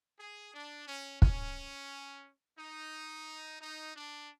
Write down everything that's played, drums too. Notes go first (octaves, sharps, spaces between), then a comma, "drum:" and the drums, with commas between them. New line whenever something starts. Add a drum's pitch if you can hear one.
G#4
D4
C#4
C#4, drum: kick
D#4
D#4
D4